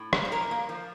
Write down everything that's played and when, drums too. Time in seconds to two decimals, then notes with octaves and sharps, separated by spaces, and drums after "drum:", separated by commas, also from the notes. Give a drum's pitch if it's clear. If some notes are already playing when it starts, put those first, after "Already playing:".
Already playing: A2
0.13 A#3, drum: rim click
0.25 C5
0.32 A#2 A#4
0.51 A#3
0.69 F3